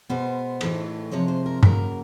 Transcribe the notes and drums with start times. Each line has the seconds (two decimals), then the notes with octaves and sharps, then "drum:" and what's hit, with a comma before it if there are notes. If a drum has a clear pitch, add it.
0.09 B2 G#3 B3 C5
0.61 A2 E3 A3, drum: cymbal
1.11 C3 F3 G#3 C#5
1.28 C5
1.46 A#4
1.63 C#3 F#3 A#3 A#4, drum: tom G2